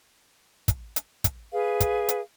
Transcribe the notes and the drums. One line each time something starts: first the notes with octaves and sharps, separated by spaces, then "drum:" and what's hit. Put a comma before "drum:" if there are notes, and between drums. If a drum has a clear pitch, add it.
drum: kick, hi-hat
drum: hi-hat
drum: kick, hi-hat
G#4 B4 F5
drum: kick, hi-hat
drum: hi-hat